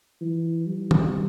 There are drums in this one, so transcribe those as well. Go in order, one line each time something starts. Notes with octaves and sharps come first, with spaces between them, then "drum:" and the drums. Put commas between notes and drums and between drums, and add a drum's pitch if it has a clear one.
E3
G3
drum: tom D#3